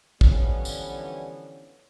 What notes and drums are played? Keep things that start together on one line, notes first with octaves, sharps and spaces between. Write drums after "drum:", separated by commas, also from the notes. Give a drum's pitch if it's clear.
D3 E3 F3 G3 B3 C#4, drum: kick
drum: tambourine